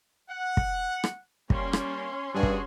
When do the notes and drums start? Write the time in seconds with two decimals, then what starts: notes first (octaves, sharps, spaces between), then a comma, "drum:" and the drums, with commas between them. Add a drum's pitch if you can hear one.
0.29 F#5
0.57 drum: kick
1.04 drum: rim click
1.50 G3 A#3 C#4 C6, drum: kick
1.73 drum: rim click
2.34 G2 D4 F#4 G#4
2.43 drum: kick